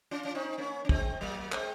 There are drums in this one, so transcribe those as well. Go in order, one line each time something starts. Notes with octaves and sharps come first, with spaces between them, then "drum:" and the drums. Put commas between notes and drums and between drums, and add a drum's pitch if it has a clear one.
C#4 F4
C#4
C4 D#4
A#3 C#4
C#4
G#3 C4, drum: kick
F#3 A#3
G#3 C4, drum: clap